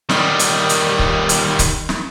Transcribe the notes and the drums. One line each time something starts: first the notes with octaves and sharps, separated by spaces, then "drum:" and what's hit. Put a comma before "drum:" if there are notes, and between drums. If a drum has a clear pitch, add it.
D#3 G3, drum: snare
drum: hi-hat
drum: hi-hat
drum: kick C#1
drum: hi-hat
drum: kick C#1, hi-hat
drum: snare